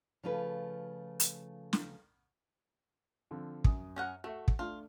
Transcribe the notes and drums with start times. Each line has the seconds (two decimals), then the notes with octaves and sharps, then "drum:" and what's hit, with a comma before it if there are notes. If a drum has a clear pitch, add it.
0.23 C#3 F3 A3 F4 B4
1.20 drum: hi-hat
1.73 drum: snare
3.31 D3 F3 C4
3.64 F#2 D#6, drum: kick
3.96 C#4 A#4 F#5
4.24 A3 F#4 A4 E5
4.48 drum: kick
4.59 A3 D4 F4